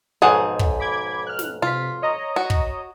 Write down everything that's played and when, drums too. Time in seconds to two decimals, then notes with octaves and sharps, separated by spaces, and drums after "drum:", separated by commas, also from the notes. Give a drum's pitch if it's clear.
0.22 B1 F2 G#2 G#4 F#5
0.59 drum: kick
0.80 B5 D6 G#6
1.27 F6 F#6
1.39 drum: snare
1.62 C3 F4 B6
2.02 C#5 D#5 A#5
2.36 F#4
2.50 drum: kick